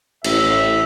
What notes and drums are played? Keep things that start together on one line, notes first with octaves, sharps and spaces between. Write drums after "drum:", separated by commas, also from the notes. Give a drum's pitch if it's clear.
A1 E5, drum: cymbal